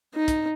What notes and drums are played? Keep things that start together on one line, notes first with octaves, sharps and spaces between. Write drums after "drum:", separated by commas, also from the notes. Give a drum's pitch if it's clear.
D#4
drum: kick, hi-hat